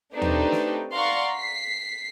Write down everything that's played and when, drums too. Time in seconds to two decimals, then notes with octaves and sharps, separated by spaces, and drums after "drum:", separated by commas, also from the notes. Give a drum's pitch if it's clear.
0.12 A3 C4 D4 D#4 G4 B4
0.22 drum: tom D#2
0.52 drum: snare
0.93 D5 F5 F#5 A#5 C6 C#6
1.32 B6 C7